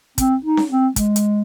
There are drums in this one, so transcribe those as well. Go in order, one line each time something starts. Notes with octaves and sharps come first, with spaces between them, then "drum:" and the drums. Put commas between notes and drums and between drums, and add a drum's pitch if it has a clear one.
C4, drum: kick, hi-hat
D#4
drum: snare C#4
C4
G#3, drum: kick, hi-hat
drum: hi-hat